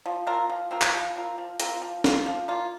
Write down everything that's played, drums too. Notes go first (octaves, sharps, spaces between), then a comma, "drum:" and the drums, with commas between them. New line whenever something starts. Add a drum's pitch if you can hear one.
F3
C4 F4 A#4
F3
C4 F4 A#4
drum: clap
F3
C4 F4 A#4
F3
C4 F4 A#4, drum: hi-hat
F3
A#3 F4, drum: snare
F3
A#3 F4